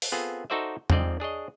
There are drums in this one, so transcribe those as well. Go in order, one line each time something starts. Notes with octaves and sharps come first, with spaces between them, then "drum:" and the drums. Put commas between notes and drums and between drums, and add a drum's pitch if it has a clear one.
drum: open hi-hat
B3 C4 F4 G#4 A4
D#4 F#4 A4 C5 D5 E5
F2 G#2 C4 D5 D#5, drum: tom E2
D4 G#4 C#5 D#5